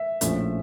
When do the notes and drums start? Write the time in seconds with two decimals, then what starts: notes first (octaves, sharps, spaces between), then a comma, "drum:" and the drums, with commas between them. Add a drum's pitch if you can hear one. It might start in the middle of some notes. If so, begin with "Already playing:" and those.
Already playing: E5
0.21 A#1 A2 F3 A3 C#4, drum: hi-hat